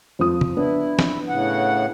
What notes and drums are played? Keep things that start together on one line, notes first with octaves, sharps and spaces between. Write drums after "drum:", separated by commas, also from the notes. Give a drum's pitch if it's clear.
F2 F3 D#6
drum: tom C#3
B3 D4 E4
drum: snare
A2 C#3 F#5